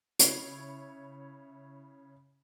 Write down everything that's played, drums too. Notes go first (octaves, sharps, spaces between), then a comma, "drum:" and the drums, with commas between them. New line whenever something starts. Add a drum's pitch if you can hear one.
C#3 E4 C#5 C7 F7, drum: hi-hat